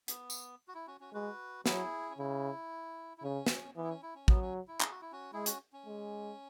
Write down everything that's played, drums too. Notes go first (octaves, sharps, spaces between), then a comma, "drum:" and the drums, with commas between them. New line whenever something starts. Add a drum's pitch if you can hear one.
B3, drum: hi-hat
drum: tambourine
F#4
E4
C#4 F#4
C#4 F#4
G#3 F#4 B4
F#3 E4 G#4, drum: snare
C#4
C#3 E4
E4
C#3 C#4
drum: snare
E3 B3
E4
C#4
E4
C#4
F#3 B3, drum: kick
C#4
E4
G#4, drum: clap
F#4
E4
C#4 F#4
G#3 E4 G#4
C#4 F#4, drum: hi-hat
C#4
G#3